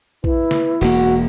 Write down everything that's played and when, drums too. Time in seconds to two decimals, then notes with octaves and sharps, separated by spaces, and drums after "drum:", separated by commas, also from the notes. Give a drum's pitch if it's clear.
0.24 E4 B4, drum: kick A#1
0.51 drum: snare
0.81 E1 A#3 F#4, drum: cymbal